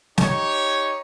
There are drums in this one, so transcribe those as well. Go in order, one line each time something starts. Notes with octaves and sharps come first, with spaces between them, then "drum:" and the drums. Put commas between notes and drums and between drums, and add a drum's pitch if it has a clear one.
D#4 G4 C#5, drum: snare